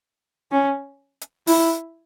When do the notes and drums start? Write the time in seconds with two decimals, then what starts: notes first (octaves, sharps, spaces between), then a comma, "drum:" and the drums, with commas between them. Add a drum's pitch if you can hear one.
0.52 C#4
1.21 drum: hi-hat
1.47 E4, drum: open hi-hat